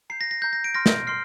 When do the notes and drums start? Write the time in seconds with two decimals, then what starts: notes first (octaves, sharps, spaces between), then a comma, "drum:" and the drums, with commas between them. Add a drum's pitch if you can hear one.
0.10 A#5 G6 C7
0.21 A#6
0.31 A#6
0.42 A#5 G6
0.53 A#6
0.64 D7
0.75 C6 F6 A#6
0.86 drum: snare
1.07 C6 F6 C7